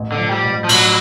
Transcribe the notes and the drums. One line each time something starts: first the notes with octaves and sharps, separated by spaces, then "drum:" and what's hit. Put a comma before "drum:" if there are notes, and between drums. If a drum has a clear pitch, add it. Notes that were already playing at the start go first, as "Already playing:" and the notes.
Already playing: A1
D3
F3
G3
A1
F3
A1 F#3, drum: cymbal